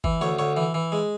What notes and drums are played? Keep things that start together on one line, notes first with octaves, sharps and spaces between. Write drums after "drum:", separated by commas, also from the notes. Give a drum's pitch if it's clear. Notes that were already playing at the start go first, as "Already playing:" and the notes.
E3, drum: kick G1
D2 C#5
D2 C#5
E3
E3
G#3